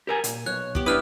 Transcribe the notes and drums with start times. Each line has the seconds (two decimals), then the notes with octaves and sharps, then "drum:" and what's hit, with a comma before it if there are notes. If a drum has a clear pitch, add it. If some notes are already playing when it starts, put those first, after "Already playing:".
0.07 G4 A#4 G#5
0.24 A#2, drum: hi-hat
0.46 B1 C#5 F#6
0.75 B3 G4, drum: kick
0.86 G2 D4 E4 B4 D#6 F6 F#6